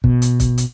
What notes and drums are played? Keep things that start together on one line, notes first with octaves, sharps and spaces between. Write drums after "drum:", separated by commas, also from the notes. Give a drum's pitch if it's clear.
B2, drum: kick
drum: hi-hat
drum: kick, hi-hat
drum: hi-hat